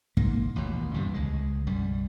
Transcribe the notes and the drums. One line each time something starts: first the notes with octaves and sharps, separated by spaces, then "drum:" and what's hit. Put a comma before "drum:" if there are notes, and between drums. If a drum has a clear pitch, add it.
G#2 A#3, drum: kick
A1 D#2 B2
D2 G2 C3 E3
C#2 G#3
B1 F#2 G3